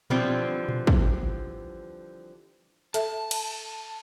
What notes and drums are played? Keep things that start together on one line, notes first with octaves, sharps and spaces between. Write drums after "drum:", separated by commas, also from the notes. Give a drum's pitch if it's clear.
D3 E3 F3 G3 C4, drum: tom A#2
drum: tom A#2
drum: kick
A4 E5 A5, drum: hi-hat
drum: cymbal